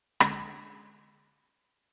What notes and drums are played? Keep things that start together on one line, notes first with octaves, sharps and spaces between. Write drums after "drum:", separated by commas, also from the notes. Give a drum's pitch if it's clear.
D3 G#3 C#4 G#6, drum: rim click